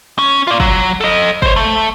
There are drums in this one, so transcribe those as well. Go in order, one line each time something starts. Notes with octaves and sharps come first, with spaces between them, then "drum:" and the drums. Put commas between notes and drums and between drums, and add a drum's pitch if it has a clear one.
C#4
F4 D5
F#3, drum: kick
A4 D#5
C5 C#5, drum: kick
A3